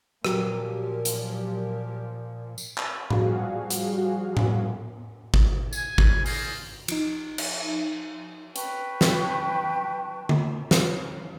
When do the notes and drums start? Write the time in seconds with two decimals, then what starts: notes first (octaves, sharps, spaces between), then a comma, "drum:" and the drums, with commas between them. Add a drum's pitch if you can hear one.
0.25 A#2 F3 F#3 G4 A#4, drum: rim click
1.05 drum: hi-hat
2.58 drum: tambourine
2.78 drum: clap
3.10 F3 G3 F#4 G#4 F5, drum: tom A2
3.70 drum: hi-hat
4.37 drum: tom A2
5.34 drum: kick
5.73 G#5, drum: tambourine
5.98 drum: kick
6.26 F4 G#4 A#4 C5 D5 D#5, drum: open hi-hat
6.88 F3 D#4, drum: cymbal
7.38 drum: cymbal
8.56 B4 G5 A5 C#6, drum: hi-hat
9.01 drum: snare
10.29 drum: tom D3
10.71 drum: snare